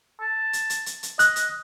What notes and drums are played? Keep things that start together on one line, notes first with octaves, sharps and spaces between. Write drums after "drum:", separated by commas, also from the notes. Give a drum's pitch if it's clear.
A5
drum: hi-hat
drum: hi-hat
drum: hi-hat
drum: hi-hat
D#5 F#6, drum: hi-hat
drum: hi-hat